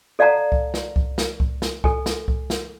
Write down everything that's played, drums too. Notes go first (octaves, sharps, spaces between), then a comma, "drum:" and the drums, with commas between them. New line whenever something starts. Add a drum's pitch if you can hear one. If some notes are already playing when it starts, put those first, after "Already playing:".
A4 D5 F5 F#5 A5 A#5
drum: kick C2
drum: snare
drum: kick C2
drum: snare
drum: kick C2
drum: snare
A4 G#5, drum: kick C2
drum: snare
drum: kick C2
drum: snare